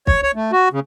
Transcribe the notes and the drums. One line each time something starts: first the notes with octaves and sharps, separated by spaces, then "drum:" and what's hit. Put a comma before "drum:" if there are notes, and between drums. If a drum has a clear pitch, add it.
C#5, drum: kick
C#5
A3
F#4
C#3